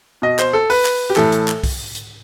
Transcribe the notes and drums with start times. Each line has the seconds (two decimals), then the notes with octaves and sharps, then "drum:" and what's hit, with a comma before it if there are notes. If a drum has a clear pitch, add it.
0.22 B2 D#5
0.39 C5, drum: clap
0.53 A4
0.70 B4, drum: open hi-hat
0.85 drum: clap
1.10 G4
1.16 A2 E3 A4, drum: clap
1.32 drum: hi-hat
1.48 drum: clap
1.64 drum: kick, open hi-hat
1.95 drum: hi-hat